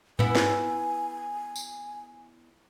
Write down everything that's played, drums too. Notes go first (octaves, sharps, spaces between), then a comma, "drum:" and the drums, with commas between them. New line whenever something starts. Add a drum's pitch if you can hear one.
B3 E4 G#5, drum: tom G2
drum: snare
drum: tambourine